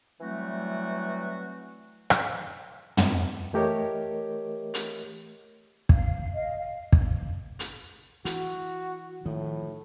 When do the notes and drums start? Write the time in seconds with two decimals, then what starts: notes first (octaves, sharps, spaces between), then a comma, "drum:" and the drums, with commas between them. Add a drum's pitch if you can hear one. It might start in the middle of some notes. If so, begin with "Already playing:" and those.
0.20 E3 F#3 G3 A3 C4 F#4
2.10 drum: rim click
2.97 drum: tom
3.53 E3 A3 G4 A#4 C#5 D#5
4.74 drum: hi-hat
5.89 F5, drum: kick
6.34 D#5 F5
6.57 F5
6.92 drum: kick
7.59 drum: hi-hat
8.25 E3 F#4, drum: hi-hat
9.25 A2 D#3 F3